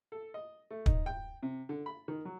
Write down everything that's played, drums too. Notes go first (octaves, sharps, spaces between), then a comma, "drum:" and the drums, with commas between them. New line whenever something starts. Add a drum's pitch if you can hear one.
A4
D#5
A3
D#4, drum: kick
G5
C3
D3
B5
D#3
F#3